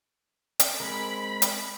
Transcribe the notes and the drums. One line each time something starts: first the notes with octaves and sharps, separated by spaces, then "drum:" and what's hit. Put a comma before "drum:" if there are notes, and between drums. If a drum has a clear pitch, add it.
drum: hi-hat
G#3 C4 A#4 B5
drum: hi-hat